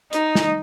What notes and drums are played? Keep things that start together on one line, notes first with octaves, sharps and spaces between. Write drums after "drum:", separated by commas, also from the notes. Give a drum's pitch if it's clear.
D#4, drum: hi-hat
drum: snare